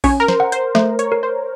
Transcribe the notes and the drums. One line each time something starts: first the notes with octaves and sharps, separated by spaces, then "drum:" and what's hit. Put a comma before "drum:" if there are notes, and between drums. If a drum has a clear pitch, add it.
C#4 C#5, drum: kick A#1, open hi-hat
A#4
C5, drum: snare
F#5
C5, drum: hi-hat
A3 C5, drum: snare
C#5, drum: hi-hat
A#4
C5